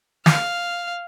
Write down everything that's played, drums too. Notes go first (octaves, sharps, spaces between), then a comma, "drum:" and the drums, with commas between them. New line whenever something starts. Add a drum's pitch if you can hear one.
F5, drum: snare